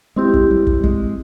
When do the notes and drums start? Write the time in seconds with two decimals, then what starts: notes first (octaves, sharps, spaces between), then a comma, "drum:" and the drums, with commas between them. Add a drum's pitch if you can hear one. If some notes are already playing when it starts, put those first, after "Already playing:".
0.16 G#3 C4 E4 G4
0.34 drum: kick
0.51 G3
0.67 drum: kick
0.83 G#3, drum: kick